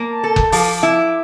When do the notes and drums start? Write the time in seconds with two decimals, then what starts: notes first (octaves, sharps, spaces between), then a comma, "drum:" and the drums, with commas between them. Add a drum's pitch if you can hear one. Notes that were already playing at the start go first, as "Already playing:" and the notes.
Already playing: A#3
0.08 A5
0.24 A4
0.36 drum: kick F#1
0.52 F3 D6, drum: open hi-hat
0.83 E4